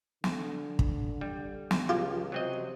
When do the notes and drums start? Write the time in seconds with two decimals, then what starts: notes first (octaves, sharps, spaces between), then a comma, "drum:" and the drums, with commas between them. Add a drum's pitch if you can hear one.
0.24 D3, drum: snare
0.79 drum: kick
1.21 G3
1.71 drum: snare
1.89 C#2 F4 G4
2.32 C3 F#3 C4 D#5